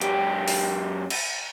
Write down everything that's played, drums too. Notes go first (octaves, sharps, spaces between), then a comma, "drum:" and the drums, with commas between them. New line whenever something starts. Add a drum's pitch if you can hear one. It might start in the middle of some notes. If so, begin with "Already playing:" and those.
F#2 G4, drum: hi-hat
drum: open hi-hat
drum: cymbal